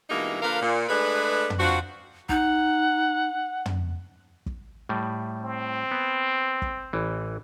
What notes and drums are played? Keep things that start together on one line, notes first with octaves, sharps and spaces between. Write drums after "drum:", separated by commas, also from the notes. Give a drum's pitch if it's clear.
G2 B2 E3 G#3 A#3 D#4
D3 F3 A#3 A#4 B4 F5
A#2
G#3 A3 D4 G#4 B4
drum: tom
C4 D4 F4 F#4
D#4 F#5, drum: kick
drum: tom
drum: kick
A2 G3
C4
B3
drum: kick
A1 E3